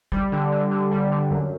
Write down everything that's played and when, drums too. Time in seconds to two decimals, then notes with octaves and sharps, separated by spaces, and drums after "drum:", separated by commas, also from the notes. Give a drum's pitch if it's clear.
0.12 G3, drum: kick
0.32 D3
0.52 D3
0.71 D3
0.91 G3
1.11 D3
1.31 F#2, drum: tom F#2